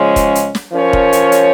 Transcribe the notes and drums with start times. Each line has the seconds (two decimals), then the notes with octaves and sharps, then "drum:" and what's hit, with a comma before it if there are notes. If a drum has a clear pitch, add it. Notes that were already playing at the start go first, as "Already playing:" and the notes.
Already playing: C#3 F3 G#3 C#4
0.16 drum: kick, hi-hat
0.35 drum: hi-hat
0.55 drum: snare
0.73 F3 C#4 A#4 C#5
0.93 drum: kick
1.12 drum: hi-hat
1.32 drum: hi-hat